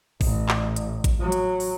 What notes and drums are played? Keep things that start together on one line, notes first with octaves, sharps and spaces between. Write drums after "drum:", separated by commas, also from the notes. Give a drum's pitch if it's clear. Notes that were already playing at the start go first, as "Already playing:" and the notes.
A1, drum: kick A1, open hi-hat
drum: clap
drum: hi-hat
drum: kick A1, hi-hat
F#3
drum: hi-hat
drum: open hi-hat